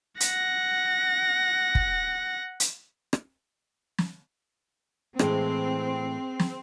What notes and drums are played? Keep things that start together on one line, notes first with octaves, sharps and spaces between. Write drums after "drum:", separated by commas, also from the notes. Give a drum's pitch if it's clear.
F#5 A#6, drum: hi-hat
drum: kick
drum: hi-hat
drum: rim click
drum: snare
A2 E3 G#3 C4, drum: rim click
drum: snare